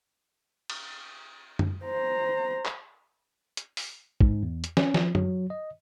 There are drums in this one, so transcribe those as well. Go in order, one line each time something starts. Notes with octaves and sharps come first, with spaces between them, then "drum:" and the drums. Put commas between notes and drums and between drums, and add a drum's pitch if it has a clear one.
drum: cymbal
drum: tom F#2
C5 A#5
drum: clap
drum: hi-hat
drum: open hi-hat
G#2, drum: kick
E2
drum: hi-hat
C#4, drum: snare
F3, drum: snare
F#3, drum: tom F#2
D#5